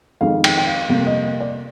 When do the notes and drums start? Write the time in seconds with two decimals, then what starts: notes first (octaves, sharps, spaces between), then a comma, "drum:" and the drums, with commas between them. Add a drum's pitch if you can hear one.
0.21 F2 D#3 G#3 F5
0.44 G5, drum: cymbal
0.58 G5
0.67 F5
0.89 F2 C3 G3 A#3 F5
1.07 D#5
1.24 D#5
1.41 D5